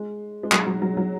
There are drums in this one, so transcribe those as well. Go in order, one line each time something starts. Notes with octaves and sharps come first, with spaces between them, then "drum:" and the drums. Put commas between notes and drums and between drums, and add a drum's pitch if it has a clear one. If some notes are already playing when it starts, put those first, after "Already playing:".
Already playing: G#3
G#3
F#3, drum: clap
F#3
F#3
F#3